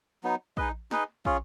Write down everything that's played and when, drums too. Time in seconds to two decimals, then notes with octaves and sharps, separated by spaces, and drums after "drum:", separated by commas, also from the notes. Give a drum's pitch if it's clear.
0.23 F#3 B3 D#4
0.57 D#4 G#4 B4 D#5, drum: kick
0.91 D#4 G#4 B4 D#5, drum: snare
1.25 C#4 F4 G#4, drum: kick